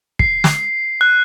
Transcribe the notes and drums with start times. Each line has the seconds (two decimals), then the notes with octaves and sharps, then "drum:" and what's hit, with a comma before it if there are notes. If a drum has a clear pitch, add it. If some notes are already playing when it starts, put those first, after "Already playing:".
0.19 C7, drum: kick
0.44 drum: snare
1.01 F#6